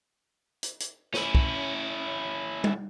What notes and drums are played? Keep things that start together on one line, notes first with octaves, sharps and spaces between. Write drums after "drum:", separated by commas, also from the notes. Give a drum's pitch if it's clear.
drum: hi-hat
drum: hi-hat
C#4 E4, drum: snare
drum: kick
drum: tom G3